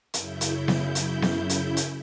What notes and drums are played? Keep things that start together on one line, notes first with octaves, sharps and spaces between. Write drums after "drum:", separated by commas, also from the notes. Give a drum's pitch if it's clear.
F#2 C#3 E4 G6, drum: hi-hat
drum: hi-hat
drum: snare B3
drum: hi-hat
drum: snare B3
drum: hi-hat
drum: hi-hat